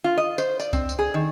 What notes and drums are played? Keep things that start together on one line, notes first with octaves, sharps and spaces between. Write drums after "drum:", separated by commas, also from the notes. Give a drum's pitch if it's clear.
F4
D#5
C5, drum: tambourine
D5, drum: tambourine
C4, drum: kick C2, tambourine
drum: tambourine
G#4
D#3